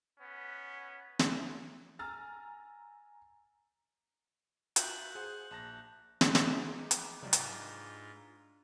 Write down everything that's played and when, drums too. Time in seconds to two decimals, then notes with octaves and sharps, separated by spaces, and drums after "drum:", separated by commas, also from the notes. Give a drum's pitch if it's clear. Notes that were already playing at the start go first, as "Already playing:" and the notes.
0.19 B3 C#4
1.19 drum: snare
1.99 G#5 A#5 E6 F6 A6
4.76 F4 F#4 E5 F#6 G6 F#7, drum: hi-hat
5.15 G#4 C5 F#5
5.51 A#1 A5 A#6
6.21 drum: snare
6.35 G#3 D#4 G4 G#4 B4, drum: snare
6.91 drum: hi-hat
7.23 G#2 C3 F#3 D4 F4
7.33 drum: hi-hat